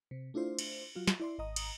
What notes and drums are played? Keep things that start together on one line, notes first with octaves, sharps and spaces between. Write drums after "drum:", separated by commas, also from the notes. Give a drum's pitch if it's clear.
C3
A3 D4 E4 F4 C5
drum: cymbal
F#3 F4 F#4
drum: snare
E4 D5 C6
G#1 D#5 A#5 D#6
drum: cymbal